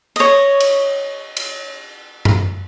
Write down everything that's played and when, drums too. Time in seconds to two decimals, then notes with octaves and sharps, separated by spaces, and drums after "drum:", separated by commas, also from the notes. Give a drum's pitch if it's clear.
0.16 C#5 D#5, drum: cymbal
0.60 drum: cymbal
1.37 drum: cymbal
2.25 drum: tom F#2